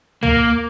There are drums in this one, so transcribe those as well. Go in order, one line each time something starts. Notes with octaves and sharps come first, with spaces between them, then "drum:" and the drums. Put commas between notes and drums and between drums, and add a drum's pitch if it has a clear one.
A#3, drum: tom